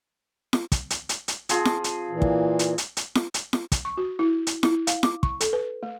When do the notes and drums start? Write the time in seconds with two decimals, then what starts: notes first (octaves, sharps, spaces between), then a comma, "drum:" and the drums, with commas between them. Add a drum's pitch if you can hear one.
0.53 drum: snare
0.72 drum: kick, hi-hat
0.90 drum: hi-hat
1.09 drum: hi-hat
1.28 drum: hi-hat
1.49 F3 C4 G#4, drum: hi-hat
1.65 drum: snare
1.84 drum: hi-hat
2.11 A#2 E3
2.22 drum: kick
2.59 drum: hi-hat
2.78 drum: hi-hat
2.97 drum: hi-hat
3.15 drum: snare
3.34 drum: hi-hat
3.53 drum: snare
3.72 drum: kick, hi-hat
3.85 C#6
3.98 F#4
4.19 E4
4.47 drum: hi-hat
4.63 E4, drum: snare
4.87 F5, drum: hi-hat
5.03 D6, drum: snare
5.23 C#6, drum: kick
5.41 A4, drum: hi-hat
5.53 B4
5.83 A3